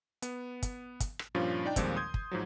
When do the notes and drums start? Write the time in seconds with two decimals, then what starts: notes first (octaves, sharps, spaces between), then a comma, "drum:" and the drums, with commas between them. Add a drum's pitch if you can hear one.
0.22 B3, drum: hi-hat
0.63 drum: kick, hi-hat
1.00 drum: kick, hi-hat
1.19 drum: rim click
1.35 G2 A#2 F3 C#4 F4
1.65 D4 D#4 D5 G5
1.76 D#2 A#2 F3 G3 G#3 C4, drum: kick, hi-hat
1.96 C6 D#6 G6 G#6
2.14 drum: kick
2.31 G#2 F3 F#3